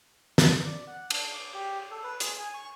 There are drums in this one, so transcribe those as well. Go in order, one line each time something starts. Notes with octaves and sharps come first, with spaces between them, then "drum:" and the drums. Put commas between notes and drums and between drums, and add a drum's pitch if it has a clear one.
drum: snare
D5
F#5
D4, drum: cymbal
D6
G4
A4
B4
G#4, drum: hi-hat
G#5
C#6